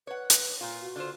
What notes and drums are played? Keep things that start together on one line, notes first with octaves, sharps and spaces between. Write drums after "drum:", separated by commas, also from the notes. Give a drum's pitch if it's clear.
B4 C#5 F#5
drum: hi-hat
A#2 F4
F#4
D3 F4 C5